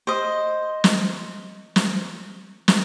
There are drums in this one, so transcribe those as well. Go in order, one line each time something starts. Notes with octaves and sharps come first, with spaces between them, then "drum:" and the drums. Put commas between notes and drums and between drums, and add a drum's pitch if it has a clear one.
C5 D#5
drum: snare
drum: snare
drum: snare